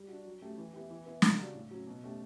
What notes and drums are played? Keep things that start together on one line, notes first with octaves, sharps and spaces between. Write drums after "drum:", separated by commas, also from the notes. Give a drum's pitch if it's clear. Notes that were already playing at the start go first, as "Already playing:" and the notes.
Already playing: G3
D4 F#4
F#3
A3 C#4 G4
E3
B3 E4 G4
E3
B3 E4
C#3, drum: snare
G3 D4 F#4
A2
F#3 C#4
B2
A3 C#4 G4